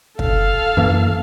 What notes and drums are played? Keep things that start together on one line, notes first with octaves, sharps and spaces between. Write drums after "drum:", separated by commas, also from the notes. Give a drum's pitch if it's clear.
A4 F5, drum: kick
F#2 E3 A#3